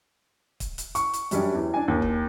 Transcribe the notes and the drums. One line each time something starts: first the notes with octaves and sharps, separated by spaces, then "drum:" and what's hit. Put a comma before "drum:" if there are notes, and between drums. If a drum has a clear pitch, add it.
drum: kick, hi-hat
drum: hi-hat
C#6, drum: hi-hat
drum: hi-hat
F#2 G3 C#4 D4, drum: hi-hat
E2
D4 G#5
D#2
drum: kick